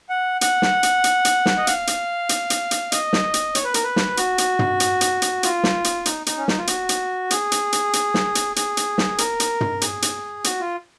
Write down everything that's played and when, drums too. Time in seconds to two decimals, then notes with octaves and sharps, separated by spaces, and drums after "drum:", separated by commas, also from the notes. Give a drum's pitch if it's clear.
0.09 F#5
0.41 F#5, drum: hi-hat
0.62 drum: snare
0.83 drum: hi-hat
1.04 drum: hi-hat
1.25 drum: hi-hat
1.46 drum: snare
1.57 D#5
1.67 F5, drum: hi-hat
1.87 drum: hi-hat
2.29 drum: hi-hat
2.50 drum: hi-hat
2.71 drum: hi-hat
2.92 D#5, drum: hi-hat
3.13 drum: snare
3.34 drum: hi-hat
3.55 C#5, drum: hi-hat
3.64 B4
3.74 A#4, drum: hi-hat
3.83 B4
3.96 drum: snare
4.17 F#4, drum: hi-hat
4.38 drum: hi-hat
4.59 drum: tom
4.80 drum: hi-hat
5.01 drum: hi-hat
5.22 drum: hi-hat
5.43 F4, drum: hi-hat
5.64 drum: snare
5.84 drum: hi-hat
6.06 D#4, drum: hi-hat
6.26 D#4, drum: hi-hat
6.37 C#4
6.48 D#4, drum: snare
6.58 F4
6.67 F#4, drum: hi-hat
6.89 drum: hi-hat
7.31 G#4, drum: hi-hat
7.52 drum: hi-hat
7.73 drum: hi-hat
7.93 drum: hi-hat
8.14 drum: snare
8.35 drum: hi-hat
8.56 G#4, drum: hi-hat
8.77 drum: hi-hat
8.98 drum: snare
9.18 A#4, drum: hi-hat
9.40 drum: hi-hat
9.61 drum: tom
9.81 G#4, drum: hi-hat
10.02 drum: hi-hat
10.44 F#4, drum: hi-hat
10.60 F4